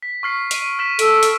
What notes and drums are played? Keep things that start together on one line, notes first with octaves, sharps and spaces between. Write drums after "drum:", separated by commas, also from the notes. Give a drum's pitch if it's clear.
B6
C#6 F6 C7
D7 D#7, drum: hi-hat
F6 B6 E7
A4 D7, drum: hi-hat
drum: hi-hat